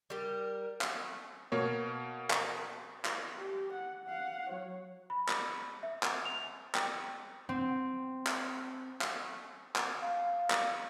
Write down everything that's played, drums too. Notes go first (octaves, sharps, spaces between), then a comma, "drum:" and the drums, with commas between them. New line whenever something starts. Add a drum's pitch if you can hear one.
G3 G4 A#4
drum: clap
B2 A#3 C#5
drum: clap
drum: clap
G4
F#5
F5 F#5
F#3 C#5
B5
drum: clap
E5
drum: clap
F7
G5, drum: clap
C4
drum: clap
drum: clap
drum: clap
F5
drum: clap